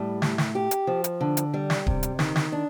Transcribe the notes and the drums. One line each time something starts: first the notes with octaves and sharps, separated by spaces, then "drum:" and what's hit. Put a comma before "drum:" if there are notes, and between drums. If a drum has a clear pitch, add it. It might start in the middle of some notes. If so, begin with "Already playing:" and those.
Already playing: A2 G3
A3, drum: snare
drum: snare
G4
drum: hi-hat
F3
drum: hi-hat
D3
drum: hi-hat
G3
drum: snare
C3, drum: kick D1
drum: hi-hat
D#3, drum: snare
drum: snare
D4